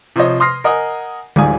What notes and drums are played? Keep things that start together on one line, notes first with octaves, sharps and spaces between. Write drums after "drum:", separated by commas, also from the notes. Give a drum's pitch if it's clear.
C3 F3 C5 C#5 D#5
C6 D#6 F6 A#6 C7
A#4 D#5 F#5 G#5 D#6
D1 G#2 G3 F4 G#5 D#6, drum: tom